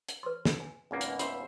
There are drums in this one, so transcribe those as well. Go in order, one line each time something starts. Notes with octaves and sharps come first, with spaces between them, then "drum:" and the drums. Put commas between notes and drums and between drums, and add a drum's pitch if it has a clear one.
drum: hi-hat
B4 C6
drum: snare
G#5
G#1 C#2 A#3 B3 C#4
drum: hi-hat
C#4 C5 E5 B5, drum: hi-hat